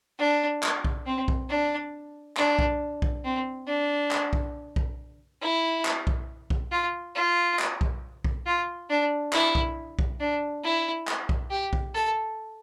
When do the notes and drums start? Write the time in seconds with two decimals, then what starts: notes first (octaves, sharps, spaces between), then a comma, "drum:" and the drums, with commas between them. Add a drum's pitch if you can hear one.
0.19 D4
0.63 drum: clap
0.85 drum: kick B1
1.06 C4
1.28 drum: kick B1
1.49 D4
2.37 D4, drum: clap
2.59 drum: kick B1
3.02 drum: kick B1
3.24 C4
3.67 D4
4.11 drum: clap
4.33 drum: kick B1
4.76 drum: kick B1
5.42 E4
5.85 drum: clap
6.07 drum: kick B1
6.50 drum: kick B1
6.72 F4
7.15 F4
7.59 drum: clap
7.81 drum: kick B1
8.24 drum: kick B1
8.46 F4
8.90 D4
9.33 E4, drum: clap
9.55 drum: kick B1
9.99 drum: kick B1
10.20 D4
10.63 E4
11.07 drum: clap
11.29 drum: kick B1
11.50 G4
11.73 drum: kick B1
11.94 A4